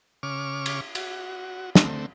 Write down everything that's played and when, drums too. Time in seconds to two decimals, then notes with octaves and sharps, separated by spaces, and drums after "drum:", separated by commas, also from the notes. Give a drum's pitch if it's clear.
0.23 C#3 C#6 D6 F6
0.66 drum: cymbal
0.95 F#4, drum: cymbal
1.75 D3 A3 C4, drum: snare